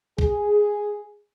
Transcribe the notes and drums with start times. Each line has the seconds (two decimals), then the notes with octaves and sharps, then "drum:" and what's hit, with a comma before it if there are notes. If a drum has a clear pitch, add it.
0.18 G#4, drum: kick B1